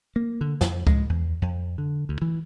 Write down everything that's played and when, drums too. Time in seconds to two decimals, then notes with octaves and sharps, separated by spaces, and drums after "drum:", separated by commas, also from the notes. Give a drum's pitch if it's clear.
0.16 A#3
0.41 D3
0.61 F2, drum: snare
0.87 G#3, drum: kick C#2
1.09 E2
1.42 F2
1.78 D3
2.09 D2
2.22 E3